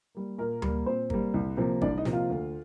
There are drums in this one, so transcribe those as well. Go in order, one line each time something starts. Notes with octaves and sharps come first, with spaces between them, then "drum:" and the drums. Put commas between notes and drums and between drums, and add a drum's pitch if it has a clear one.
G3 A#3
A#2 A#3 A#4
G3 A#3, drum: tom D2
A#2 C4 C5
G3 A#3, drum: kick
C2
C3 F3 A#3
C2 D4 D5, drum: kick
D#4 D#5
C3 F3 A#3, drum: snare
F4 F5
D2